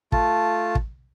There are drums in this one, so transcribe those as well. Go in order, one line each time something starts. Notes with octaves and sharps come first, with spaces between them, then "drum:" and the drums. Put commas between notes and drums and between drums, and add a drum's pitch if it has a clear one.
A3 F4 A5, drum: kick
drum: kick